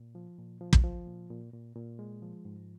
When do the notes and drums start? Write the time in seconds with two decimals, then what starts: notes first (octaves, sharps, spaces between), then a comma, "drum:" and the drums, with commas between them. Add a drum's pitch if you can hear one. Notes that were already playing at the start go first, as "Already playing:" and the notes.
Already playing: A#2
0.15 F3
0.38 A#2
0.61 F3
0.73 drum: kick
0.84 F3
1.07 A#2
1.30 A#2
1.53 A#2
1.76 A#2
1.99 G#3
2.22 F3
2.45 G#2